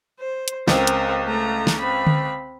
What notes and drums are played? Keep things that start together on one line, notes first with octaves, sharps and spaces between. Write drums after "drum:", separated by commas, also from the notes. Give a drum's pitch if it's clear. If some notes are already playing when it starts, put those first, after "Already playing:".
C5
drum: hi-hat
C#2 C4 A#4, drum: snare
drum: hi-hat
A3 A#5
drum: snare
C4 B5
drum: tom D3